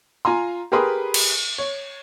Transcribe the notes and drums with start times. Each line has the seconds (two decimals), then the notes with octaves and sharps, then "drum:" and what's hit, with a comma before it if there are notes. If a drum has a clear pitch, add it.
0.25 F4 G#5 A#5 C6
0.72 G4 G#4 A#4 B4 C6 D#6
1.14 drum: cymbal
1.58 C#5